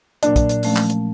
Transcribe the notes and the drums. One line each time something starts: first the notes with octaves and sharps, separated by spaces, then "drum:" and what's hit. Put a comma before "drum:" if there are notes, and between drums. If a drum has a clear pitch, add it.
A#2 F#3 A#3 D4, drum: hi-hat
drum: kick, hi-hat
drum: hi-hat
F3 A3 C#4, drum: open hi-hat
drum: clap
drum: hi-hat